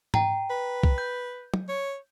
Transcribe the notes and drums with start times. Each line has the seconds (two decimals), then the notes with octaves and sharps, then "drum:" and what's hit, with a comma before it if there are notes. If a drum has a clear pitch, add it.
0.14 G5 A#5, drum: tom G#2
0.50 B4
0.83 drum: kick
0.98 G6
1.54 drum: tom
1.69 C#5